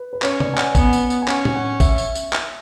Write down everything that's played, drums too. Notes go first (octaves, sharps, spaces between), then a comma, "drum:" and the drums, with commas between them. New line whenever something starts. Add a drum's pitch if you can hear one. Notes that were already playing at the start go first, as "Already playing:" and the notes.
Already playing: B4
B4
C#4 C#5, drum: clap
D5, drum: tom C3
G#5
F#5, drum: clap
B3 G#5, drum: kick, tambourine
drum: tambourine
drum: tambourine
G#5
C#4 F#5, drum: clap
drum: tom A2
F#5
E5, drum: kick, tambourine
drum: tambourine
drum: tambourine
drum: clap